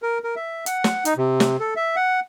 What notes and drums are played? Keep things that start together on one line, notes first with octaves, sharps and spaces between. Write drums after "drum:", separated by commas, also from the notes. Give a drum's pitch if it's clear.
A#4
A#4
E5
F#5, drum: hi-hat
drum: snare
D#4, drum: hi-hat
C3
drum: snare
A4
E5
F#5